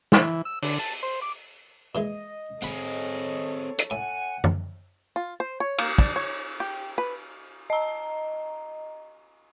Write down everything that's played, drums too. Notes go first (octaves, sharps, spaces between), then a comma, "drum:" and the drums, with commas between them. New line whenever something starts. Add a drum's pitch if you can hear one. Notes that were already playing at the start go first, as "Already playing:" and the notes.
E3, drum: snare
E6
D3, drum: open hi-hat
A5
C5
D6
A#2 E3 G#3 D#5
C4 G#4 A4 C#5 F#5 B5, drum: tambourine
drum: hi-hat
A2 F#5 G#5
drum: tom
F4
C5
C#5
A#3, drum: cymbal
D4, drum: kick
C#5
G4
B4
D#5 A#5